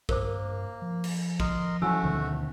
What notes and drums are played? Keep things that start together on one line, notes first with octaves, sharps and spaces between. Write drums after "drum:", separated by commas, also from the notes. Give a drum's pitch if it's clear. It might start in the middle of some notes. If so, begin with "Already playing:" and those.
G2 A#3 A#4 C5 D6, drum: kick
F3
drum: cymbal
A#4 D#5 C6, drum: kick
E3 F#3 A3 C#4 F#4 G#5 E6
D2 B2 D#3